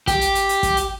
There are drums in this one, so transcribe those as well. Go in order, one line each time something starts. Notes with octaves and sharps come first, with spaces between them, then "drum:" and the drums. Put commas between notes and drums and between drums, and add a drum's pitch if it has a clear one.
G4, drum: kick, hi-hat
drum: hi-hat
drum: hi-hat
drum: hi-hat
drum: kick, hi-hat
drum: hi-hat